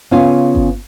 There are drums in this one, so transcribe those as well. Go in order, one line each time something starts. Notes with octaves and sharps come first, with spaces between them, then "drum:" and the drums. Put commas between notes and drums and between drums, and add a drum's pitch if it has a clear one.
C#3 B3 C#4 F4
drum: kick G1